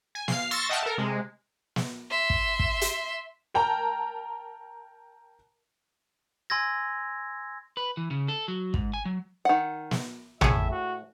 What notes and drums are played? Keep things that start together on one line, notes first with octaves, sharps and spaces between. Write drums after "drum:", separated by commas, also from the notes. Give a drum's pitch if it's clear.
G#5
F5 C7, drum: snare
C6 C#6 E6 A6 A#6
D#5 E5 F#5 G5 A5 F6
A4 A#4
C3 G#3
drum: snare
E5 C6
drum: kick
drum: kick
drum: hi-hat
A#4 G5 A5 A#5
G#5 C6 E6 G#6 A#6
B4
E3
C#3
A4
F#3
G#2, drum: kick
G#5
F#3
D#3 F#5
drum: snare
A2 G#4 C#5 E5, drum: tom
F#4